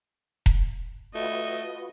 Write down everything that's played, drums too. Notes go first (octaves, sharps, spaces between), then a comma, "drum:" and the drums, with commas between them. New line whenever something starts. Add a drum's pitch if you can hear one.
drum: kick E1
A3 F4 F#4 B4 D#5